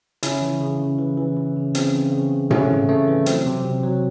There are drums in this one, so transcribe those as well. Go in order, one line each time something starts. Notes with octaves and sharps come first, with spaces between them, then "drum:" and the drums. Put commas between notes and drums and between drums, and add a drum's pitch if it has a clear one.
C#3 C#4 E4, drum: hi-hat
E3
C#3
C#3
E3
E3
E3
C#3
C#3 C4, drum: hi-hat
E3
C#3
C#3
C#3 A3 C#4, drum: tom A2
C#3
C#3 A3
E3
F#3 C4, drum: hi-hat
C3
C3
F#3